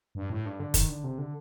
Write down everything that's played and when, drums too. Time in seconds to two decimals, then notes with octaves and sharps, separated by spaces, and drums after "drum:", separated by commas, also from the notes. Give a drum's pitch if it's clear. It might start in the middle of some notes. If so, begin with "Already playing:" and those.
0.15 G2
0.30 A2
0.46 G2
0.60 D3
0.74 D#3, drum: kick, hi-hat
0.89 D3
1.04 C3
1.18 D3